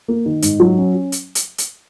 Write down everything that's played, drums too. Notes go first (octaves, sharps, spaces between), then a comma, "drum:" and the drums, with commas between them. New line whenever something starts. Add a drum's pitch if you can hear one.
A#3
D#3
G#2, drum: hi-hat
F#3
C#4
drum: hi-hat
drum: hi-hat
drum: hi-hat